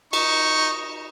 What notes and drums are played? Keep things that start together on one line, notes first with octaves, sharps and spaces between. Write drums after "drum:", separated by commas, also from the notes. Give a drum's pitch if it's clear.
D#4 C#6, drum: cymbal